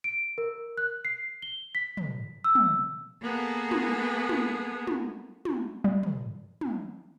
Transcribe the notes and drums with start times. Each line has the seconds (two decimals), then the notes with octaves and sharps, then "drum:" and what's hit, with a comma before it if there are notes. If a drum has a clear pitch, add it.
0.04 D7
0.38 A#4
0.77 F#6
1.05 C7
1.42 G7
1.75 B6
1.97 drum: tom
2.44 E6
2.55 drum: tom
3.22 A#3 B3 G#4 A4
3.71 drum: tom
4.29 drum: tom
4.87 drum: tom
5.45 drum: tom
5.84 G3
6.03 drum: tom
6.61 drum: tom